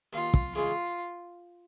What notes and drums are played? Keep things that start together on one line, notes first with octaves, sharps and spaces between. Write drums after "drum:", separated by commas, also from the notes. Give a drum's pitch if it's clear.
D#2 F4
drum: kick
C#3 E3 G#3 F4